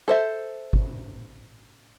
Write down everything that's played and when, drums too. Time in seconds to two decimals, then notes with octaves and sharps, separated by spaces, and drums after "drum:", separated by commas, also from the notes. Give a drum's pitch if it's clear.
0.08 A4 C5 E5
0.73 drum: kick